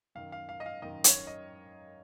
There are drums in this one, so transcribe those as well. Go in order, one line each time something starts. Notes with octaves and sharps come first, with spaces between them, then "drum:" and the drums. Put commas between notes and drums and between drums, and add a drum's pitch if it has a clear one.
F#2 D#3 F5
F5
F5
D#5
F5
F#2 D#3 D#5
C#5, drum: hi-hat
D#5